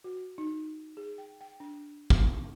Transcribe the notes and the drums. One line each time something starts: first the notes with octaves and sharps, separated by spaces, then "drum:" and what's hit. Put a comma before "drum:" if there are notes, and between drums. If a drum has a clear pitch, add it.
F#4
D#4
G#4
G5
G5
D4
drum: kick